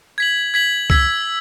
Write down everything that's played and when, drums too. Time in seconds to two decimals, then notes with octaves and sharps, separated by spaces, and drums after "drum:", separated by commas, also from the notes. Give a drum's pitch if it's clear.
0.18 G#6 B6 F#7
0.54 G#6 B6 F#7
0.90 E6 G#6 B6, drum: kick C#2